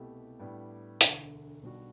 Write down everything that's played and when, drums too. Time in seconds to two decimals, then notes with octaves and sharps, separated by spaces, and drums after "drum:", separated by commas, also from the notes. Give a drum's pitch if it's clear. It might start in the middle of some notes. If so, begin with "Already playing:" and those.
Already playing: C2 B2 A3 E4 G4
0.39 A2 G3 B3 D4 G4
1.01 E1 D2 D3, drum: hi-hat
1.62 B1 B2 G3 D4 F#4